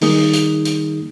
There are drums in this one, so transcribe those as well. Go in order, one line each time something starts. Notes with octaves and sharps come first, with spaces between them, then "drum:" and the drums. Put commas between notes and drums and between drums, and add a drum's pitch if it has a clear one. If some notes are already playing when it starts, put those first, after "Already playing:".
D#3 G3 A#3 D#4 G#4 D#6, drum: open hi-hat
drum: hi-hat
drum: hi-hat